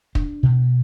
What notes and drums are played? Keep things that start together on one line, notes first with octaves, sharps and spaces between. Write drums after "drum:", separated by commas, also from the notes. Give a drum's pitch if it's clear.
D4, drum: kick
B2